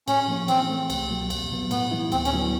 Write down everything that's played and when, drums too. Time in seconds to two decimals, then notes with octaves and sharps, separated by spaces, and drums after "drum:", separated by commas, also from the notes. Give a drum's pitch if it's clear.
0.08 A2 C#4, drum: cymbal
0.28 F3 A#3 C#4
0.48 E3 C4, drum: cymbal
0.69 A3 C4
0.90 C2, drum: cymbal
1.09 B2 F#3 A#3
1.30 E2, drum: cymbal
1.51 B2 F#3 B3
1.71 A2 B3, drum: cymbal
1.91 E3 G3 B3 E4
2.12 D2 C4, drum: cymbal
2.25 C#4, drum: cymbal
2.33 D3 F#3 B3 E4